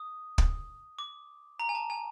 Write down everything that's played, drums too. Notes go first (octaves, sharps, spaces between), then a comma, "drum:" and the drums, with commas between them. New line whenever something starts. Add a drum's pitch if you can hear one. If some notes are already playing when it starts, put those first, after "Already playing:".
Already playing: D#6
drum: kick
D6
A#5
G#5
A5
G#5